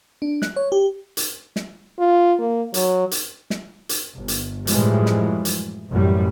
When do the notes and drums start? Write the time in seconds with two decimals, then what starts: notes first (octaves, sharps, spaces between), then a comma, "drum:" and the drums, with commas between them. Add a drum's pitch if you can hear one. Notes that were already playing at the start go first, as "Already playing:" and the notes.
0.22 D4
0.42 F#6, drum: snare
0.56 C#5
0.72 G4
1.17 drum: hi-hat
1.56 drum: snare
1.99 F4
2.39 A#3
2.74 F#3, drum: hi-hat
3.11 drum: hi-hat
3.50 drum: snare
3.89 drum: hi-hat
4.17 G1
4.28 drum: hi-hat
4.67 F#2 A2 E3 F3 G3 G#3, drum: hi-hat
5.06 drum: snare
5.45 drum: hi-hat
5.91 A1 F#2 A2 G3